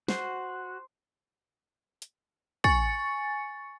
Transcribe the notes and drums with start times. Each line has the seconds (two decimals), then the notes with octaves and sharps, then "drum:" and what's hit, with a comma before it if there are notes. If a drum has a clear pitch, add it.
0.08 F#4 C5, drum: snare
2.02 drum: hi-hat
2.64 G#5 C#6 A6 C#7, drum: kick